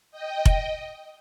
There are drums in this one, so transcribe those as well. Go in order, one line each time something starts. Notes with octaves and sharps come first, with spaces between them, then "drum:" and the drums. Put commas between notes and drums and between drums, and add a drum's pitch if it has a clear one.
D#5 G5
drum: kick F1